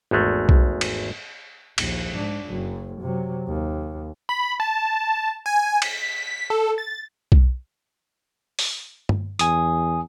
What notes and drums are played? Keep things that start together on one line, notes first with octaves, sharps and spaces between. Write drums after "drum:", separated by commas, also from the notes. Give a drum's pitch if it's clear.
G#1 E2 G#3 A3
drum: kick B1
drum: cymbal
A#1 D#2, drum: cymbal
G#2 D4
F#1 F#2
C3 F#3
D#2
B5
A5
G#5
B6, drum: cymbal
A4
A6
drum: kick B1
drum: open hi-hat
drum: tom G2
E2 G#5 D#6, drum: hi-hat